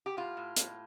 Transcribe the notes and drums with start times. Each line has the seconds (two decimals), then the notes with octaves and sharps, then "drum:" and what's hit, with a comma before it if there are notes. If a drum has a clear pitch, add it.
0.06 G4
0.17 A2 F4
0.37 A2
0.56 A2, drum: hi-hat